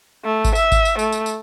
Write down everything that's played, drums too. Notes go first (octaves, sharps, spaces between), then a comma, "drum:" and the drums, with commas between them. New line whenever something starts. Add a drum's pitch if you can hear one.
A3
drum: kick G#1, tambourine
E5, drum: tambourine
drum: kick G#1, tambourine
drum: tambourine
A3, drum: tambourine
drum: tambourine
drum: tambourine